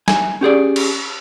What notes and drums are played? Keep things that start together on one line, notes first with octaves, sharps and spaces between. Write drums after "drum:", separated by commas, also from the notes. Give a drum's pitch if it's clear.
G#5, drum: snare
C#4 G4 G#4 D5
drum: cymbal